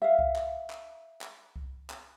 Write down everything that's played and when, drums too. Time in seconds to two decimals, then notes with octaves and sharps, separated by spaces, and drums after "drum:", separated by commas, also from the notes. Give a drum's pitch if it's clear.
0.02 E5 F5
0.19 drum: kick C2
0.36 drum: clap
0.70 drum: clap
1.21 drum: clap
1.56 drum: kick C2
1.90 drum: clap